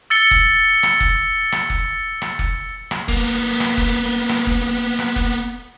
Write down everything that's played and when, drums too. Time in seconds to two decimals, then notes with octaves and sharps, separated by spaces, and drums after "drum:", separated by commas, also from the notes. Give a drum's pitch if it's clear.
0.10 E6 A6 C#7 G7
0.31 drum: kick F1
0.83 drum: rim click
1.00 drum: kick F1
1.52 drum: rim click
1.70 drum: kick F1
2.22 drum: rim click
2.39 drum: kick F1
2.91 drum: rim click
3.08 A#3 B3, drum: kick F1
3.60 drum: rim click
3.77 drum: kick F1
4.29 drum: rim click
4.47 drum: kick F1
4.99 drum: rim click
5.16 drum: kick F1